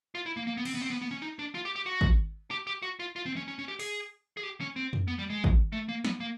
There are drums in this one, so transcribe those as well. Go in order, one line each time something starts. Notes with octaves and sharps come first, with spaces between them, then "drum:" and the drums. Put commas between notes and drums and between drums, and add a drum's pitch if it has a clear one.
F4
E4
A#3
A#3
B3
C4, drum: cymbal
B3
C4
B3
B3
C#4
D#4
D4
F4
G4
G4
F#4
drum: kick
G4
G4
F#4
F4
F4
C4
C#4
C#4
C#4
G4
G#4, drum: open hi-hat
G#4
G4
C#4
C4
drum: tom F2
B3
G3
G#3
drum: kick
A3
A#3
B3, drum: snare
A#3